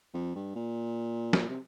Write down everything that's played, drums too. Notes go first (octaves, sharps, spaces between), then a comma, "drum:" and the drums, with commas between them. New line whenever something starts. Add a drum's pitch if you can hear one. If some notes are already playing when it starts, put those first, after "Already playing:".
F2
G2
A#2
drum: snare
C3